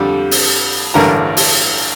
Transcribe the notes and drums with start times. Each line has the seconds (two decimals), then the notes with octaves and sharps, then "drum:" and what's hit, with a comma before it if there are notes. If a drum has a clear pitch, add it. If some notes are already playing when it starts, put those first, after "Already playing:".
Already playing: F2 D3 G3 A4
0.31 drum: open hi-hat
0.94 A1 G2 D3 A#4 A#5
1.37 drum: open hi-hat